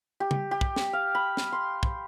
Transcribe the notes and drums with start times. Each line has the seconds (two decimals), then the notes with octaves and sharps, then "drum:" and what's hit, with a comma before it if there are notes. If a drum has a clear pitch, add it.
0.20 G4
0.31 drum: tom
0.51 G4
0.61 drum: kick
0.76 drum: snare
0.93 F5
1.15 B5
1.37 drum: snare
1.52 C6
1.83 drum: kick